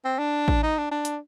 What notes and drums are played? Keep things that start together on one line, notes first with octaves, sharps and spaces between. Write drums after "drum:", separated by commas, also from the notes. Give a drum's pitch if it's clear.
C4
D4
drum: kick A1
D#4
D4
D4
drum: hi-hat